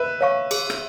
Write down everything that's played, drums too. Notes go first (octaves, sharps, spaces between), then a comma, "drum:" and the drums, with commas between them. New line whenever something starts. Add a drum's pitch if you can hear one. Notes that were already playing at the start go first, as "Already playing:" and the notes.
Already playing: B4 E5
C#5 F5 A5 C#6
G#4, drum: cymbal
drum: rim click